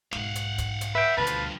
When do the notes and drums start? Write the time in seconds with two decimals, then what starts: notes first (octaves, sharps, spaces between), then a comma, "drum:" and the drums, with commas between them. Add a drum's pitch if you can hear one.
0.13 B1 G#2 F5 F#5, drum: snare
0.35 drum: hi-hat
0.58 drum: kick, hi-hat
0.81 drum: hi-hat
0.95 B4 E5 G5
1.17 D2 G2 B2 F3 B4 F5 A5
1.27 drum: hi-hat